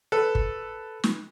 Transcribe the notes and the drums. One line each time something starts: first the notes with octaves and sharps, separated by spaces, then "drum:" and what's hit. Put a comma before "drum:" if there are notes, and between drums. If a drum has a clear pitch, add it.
A4 B4
drum: kick
drum: snare